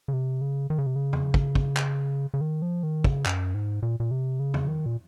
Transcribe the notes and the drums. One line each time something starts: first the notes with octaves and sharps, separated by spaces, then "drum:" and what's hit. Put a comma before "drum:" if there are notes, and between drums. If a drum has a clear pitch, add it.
C#3
C3
C#3
D#3
C#3
C3
C#3
drum: tom
drum: kick
drum: kick
drum: clap
C#3
D#3
F3
D#3
C#3, drum: kick
F#2, drum: clap
G#2
A#2
A#2
C3
C#3
drum: tom
D#3
A#2